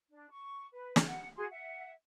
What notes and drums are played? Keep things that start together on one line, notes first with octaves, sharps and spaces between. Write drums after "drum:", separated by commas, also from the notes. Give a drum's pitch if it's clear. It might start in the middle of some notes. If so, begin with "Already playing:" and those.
D4
C#6
B4
drum: snare
F#5
F#4 G#4 C6
E5 F#5